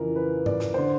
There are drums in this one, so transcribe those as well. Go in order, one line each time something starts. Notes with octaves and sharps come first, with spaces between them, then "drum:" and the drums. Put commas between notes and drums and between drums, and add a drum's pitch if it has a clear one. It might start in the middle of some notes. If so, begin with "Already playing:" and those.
Already playing: F2 C#3 E3 A#4
B4
D5, drum: tom G#2
drum: snare
D3 C5